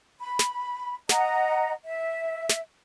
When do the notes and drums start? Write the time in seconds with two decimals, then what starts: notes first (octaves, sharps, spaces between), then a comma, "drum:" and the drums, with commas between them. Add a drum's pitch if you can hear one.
0.19 B5
0.39 drum: snare
1.09 D#5 F#5 A#5, drum: snare
1.85 E5
2.49 drum: snare